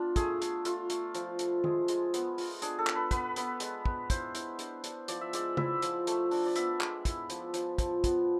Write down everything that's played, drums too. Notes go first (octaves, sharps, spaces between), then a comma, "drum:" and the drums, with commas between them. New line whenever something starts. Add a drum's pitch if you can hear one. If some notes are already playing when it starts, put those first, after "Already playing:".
Already playing: B3 D4 F4
A3 G#4, drum: kick, hi-hat
A3, drum: hi-hat
A3 F4, drum: hi-hat
A3, drum: hi-hat
F3, drum: hi-hat
A3, drum: hi-hat
G#3 G#4, drum: tom
G#3, drum: hi-hat
B3, drum: hi-hat
F4, drum: open hi-hat
D4 G#4, drum: hi-hat
A4
D4, drum: clap
B4
B3 B4, drum: kick, hi-hat
B3, drum: hi-hat
G#3, drum: hi-hat
B3, drum: kick
E4 C5, drum: kick, hi-hat
E4, drum: hi-hat
D4, drum: hi-hat
D4, drum: hi-hat
F3 D5, drum: hi-hat
E5
G#3 D5, drum: hi-hat
E4 E5, drum: tom
F3, drum: hi-hat
A3, drum: hi-hat
D4, drum: open hi-hat
D5
B3 E5, drum: hi-hat
G#3, drum: clap
E4, drum: kick, hi-hat
F3, drum: hi-hat
F3, drum: hi-hat
F3, drum: kick, hi-hat
B3, drum: kick, hi-hat